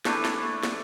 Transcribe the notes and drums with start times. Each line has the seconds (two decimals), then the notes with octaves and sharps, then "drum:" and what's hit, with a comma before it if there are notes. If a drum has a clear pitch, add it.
0.05 E3 A3 D4 E4, drum: snare
0.25 drum: snare
0.63 drum: snare